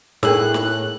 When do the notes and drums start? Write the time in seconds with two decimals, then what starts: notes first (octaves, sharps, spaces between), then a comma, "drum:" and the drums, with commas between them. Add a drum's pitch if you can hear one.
0.23 A2 A#3 D4 G#4 A#4 E6 F#6, drum: snare
0.54 drum: snare